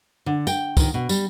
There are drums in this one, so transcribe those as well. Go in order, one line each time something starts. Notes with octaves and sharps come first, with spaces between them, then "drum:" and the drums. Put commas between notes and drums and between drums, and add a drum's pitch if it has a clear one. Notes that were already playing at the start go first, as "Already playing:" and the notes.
D3
G5, drum: tambourine
D#3, drum: kick, tambourine
B2
G3, drum: tambourine